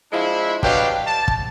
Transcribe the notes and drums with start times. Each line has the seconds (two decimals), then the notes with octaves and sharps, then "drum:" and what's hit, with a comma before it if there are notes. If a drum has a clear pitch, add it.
0.13 F3 G#3 D4 E4
0.63 B2 F#3 D4 G4 F5 G5, drum: kick
1.07 A5
1.28 drum: kick